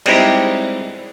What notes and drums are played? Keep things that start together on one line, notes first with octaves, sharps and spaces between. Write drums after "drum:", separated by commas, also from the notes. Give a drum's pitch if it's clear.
G3 G#3 C4 D#4 E4 G4, drum: cymbal